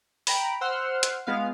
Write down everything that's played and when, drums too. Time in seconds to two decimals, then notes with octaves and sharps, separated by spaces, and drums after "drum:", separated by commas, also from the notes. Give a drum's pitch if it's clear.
0.27 G5 A#5 B5, drum: open hi-hat
0.61 C5 F#5 C6 E6 F6
1.03 drum: hi-hat
1.27 G#3 B3 F4 F5